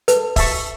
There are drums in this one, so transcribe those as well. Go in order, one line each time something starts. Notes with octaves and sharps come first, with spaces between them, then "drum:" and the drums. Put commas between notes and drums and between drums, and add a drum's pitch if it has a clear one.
A4 B4, drum: hi-hat
E5 A5 C#6, drum: kick, open hi-hat